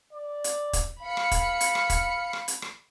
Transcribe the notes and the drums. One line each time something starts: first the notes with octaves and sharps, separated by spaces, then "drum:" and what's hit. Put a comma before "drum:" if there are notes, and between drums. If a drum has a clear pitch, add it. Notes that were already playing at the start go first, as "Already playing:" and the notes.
D5
drum: hi-hat
drum: kick, hi-hat
F5 B5 C#7
drum: rim click
drum: kick, hi-hat
drum: hi-hat
drum: rim click
drum: kick, hi-hat
drum: rim click
drum: hi-hat
drum: rim click